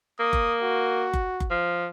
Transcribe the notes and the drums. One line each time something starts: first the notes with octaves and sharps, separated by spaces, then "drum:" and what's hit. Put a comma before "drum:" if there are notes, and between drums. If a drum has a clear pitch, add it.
A#3 D#6
drum: kick F#1
F#4
drum: kick F#1
drum: kick F#1
F3